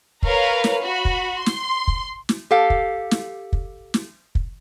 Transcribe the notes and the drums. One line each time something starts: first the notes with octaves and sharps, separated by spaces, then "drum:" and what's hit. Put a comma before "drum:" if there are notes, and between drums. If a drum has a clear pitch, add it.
A#4 B4 C#5 F5 A#5, drum: kick
drum: snare
F#4 B5
drum: kick
C6
drum: snare
drum: kick
drum: snare
G4 A4 F5
drum: kick
drum: snare
drum: kick
drum: snare
drum: kick